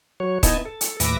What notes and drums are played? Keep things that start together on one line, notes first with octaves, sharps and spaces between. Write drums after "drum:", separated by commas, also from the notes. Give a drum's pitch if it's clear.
F#3 C#5
B3 D#4 E4 D#5 G#5 A5, drum: kick D#1, hi-hat
A4
drum: hi-hat
D#2 A2 B4 E5 D6 A#6, drum: hi-hat